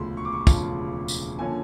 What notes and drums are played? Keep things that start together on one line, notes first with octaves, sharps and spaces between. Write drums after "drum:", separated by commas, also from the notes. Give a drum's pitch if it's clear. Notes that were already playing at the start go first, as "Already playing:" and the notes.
Already playing: E1 D2 C#3 F3 B5 C6
C#6
D6
C#6
E1 D2 C#3 F3, drum: kick, tambourine
drum: tambourine
D3 F3 A#3 C#4 G#5